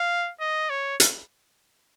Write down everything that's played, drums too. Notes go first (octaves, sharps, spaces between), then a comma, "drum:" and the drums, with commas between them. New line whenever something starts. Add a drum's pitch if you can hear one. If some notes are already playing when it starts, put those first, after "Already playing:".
Already playing: F5
D#5
C#5
drum: hi-hat